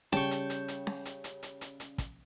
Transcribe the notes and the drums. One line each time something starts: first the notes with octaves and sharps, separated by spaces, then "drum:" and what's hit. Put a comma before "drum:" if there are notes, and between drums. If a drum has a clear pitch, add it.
C#3 G3 C#5 G5 A5 C#6, drum: snare C#4
drum: hi-hat
drum: hi-hat
drum: hi-hat
drum: snare C#4
drum: hi-hat
drum: hi-hat
drum: hi-hat
drum: hi-hat
drum: hi-hat
drum: kick, hi-hat